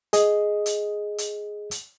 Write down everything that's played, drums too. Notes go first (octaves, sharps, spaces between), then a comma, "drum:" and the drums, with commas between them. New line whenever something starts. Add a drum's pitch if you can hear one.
G#4 D#5, drum: hi-hat
drum: hi-hat
drum: hi-hat
drum: hi-hat